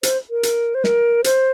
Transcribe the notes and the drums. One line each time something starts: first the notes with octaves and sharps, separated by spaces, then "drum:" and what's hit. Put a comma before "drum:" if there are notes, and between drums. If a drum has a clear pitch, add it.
C5, drum: hi-hat
A#4
drum: hi-hat
C5
A#4, drum: snare
C5, drum: hi-hat